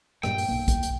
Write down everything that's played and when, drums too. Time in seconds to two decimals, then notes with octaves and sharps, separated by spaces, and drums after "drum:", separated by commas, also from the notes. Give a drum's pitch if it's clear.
0.23 G2 A#2 G5, drum: rim click
0.38 drum: open hi-hat
0.48 B1 A#3
0.68 drum: kick A#1, hi-hat
0.83 drum: hi-hat